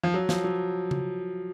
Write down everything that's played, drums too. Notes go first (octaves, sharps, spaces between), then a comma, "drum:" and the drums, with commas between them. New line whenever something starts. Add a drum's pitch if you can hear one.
F3
F#3
F3, drum: snare
F#3
drum: tom C#3